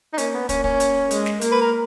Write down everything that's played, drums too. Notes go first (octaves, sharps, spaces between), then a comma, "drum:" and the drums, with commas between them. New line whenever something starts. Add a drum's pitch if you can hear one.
D#4
A#3 C#4, drum: hi-hat
B3
A#3 C#4, drum: kick, hi-hat
C#4, drum: kick
drum: hi-hat
G#3, drum: hi-hat
drum: snare
A#3, drum: hi-hat
B4
A#4